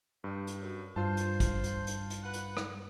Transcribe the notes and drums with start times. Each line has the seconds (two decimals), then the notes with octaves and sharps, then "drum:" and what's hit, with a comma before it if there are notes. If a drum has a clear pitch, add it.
0.24 G2 G3
0.47 drum: hi-hat
0.62 F#2
0.96 G2 F4 C5 A5
1.17 drum: hi-hat
1.40 drum: kick, hi-hat
1.64 drum: hi-hat
1.87 drum: hi-hat
2.10 drum: hi-hat
2.23 B4 F#5
2.33 drum: hi-hat
2.57 drum: rim click